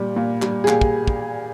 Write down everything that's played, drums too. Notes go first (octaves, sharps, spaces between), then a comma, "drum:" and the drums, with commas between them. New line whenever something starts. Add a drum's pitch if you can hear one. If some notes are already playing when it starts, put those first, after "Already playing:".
Already playing: A#2 G3
A#2
G3, drum: clap
G#4
A#2 G4, drum: clap
drum: kick
drum: kick